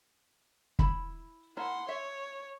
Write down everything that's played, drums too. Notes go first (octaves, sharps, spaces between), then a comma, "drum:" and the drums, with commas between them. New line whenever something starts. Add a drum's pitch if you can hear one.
E4 B5, drum: kick
A#3 E4 C#5 F#5 C6
C#5 E5